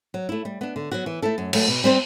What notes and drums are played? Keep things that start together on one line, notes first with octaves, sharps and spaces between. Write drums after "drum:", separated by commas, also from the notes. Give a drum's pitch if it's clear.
F#3
A3 E4
G3
B3 D4
D3
F#3 B3 F#4
E3
A3 E4 A4
F#2
F#3 A3, drum: cymbal
B2
G3 C4 G4 C5